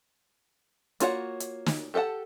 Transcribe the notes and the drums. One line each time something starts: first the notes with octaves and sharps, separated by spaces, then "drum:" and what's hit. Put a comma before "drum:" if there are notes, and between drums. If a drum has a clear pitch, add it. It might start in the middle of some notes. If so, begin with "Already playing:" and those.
A#3 F4 F#4 C#5 F#5, drum: hi-hat
drum: hi-hat
drum: snare
G4 A4 E5 F#5 A5